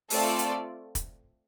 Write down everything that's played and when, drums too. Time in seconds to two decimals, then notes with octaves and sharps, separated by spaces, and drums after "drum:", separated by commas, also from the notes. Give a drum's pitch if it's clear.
0.10 A3 C4 F4 A4 D5, drum: open hi-hat
0.39 drum: hi-hat
0.95 drum: kick, hi-hat